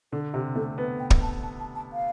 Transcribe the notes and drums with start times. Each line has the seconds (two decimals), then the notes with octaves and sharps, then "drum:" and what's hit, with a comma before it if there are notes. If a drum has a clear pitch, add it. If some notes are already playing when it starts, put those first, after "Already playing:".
0.12 D3 A4
0.33 C3 G4
0.56 A3 A4
0.78 B3 B4
0.99 G5
1.10 drum: kick
1.22 A5
1.43 A5
1.60 A5
1.75 A5
1.93 F5